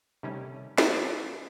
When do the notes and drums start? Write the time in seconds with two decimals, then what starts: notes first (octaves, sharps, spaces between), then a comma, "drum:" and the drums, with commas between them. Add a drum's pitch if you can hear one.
0.23 C3 D#3 G3 A3 C#4
0.78 drum: snare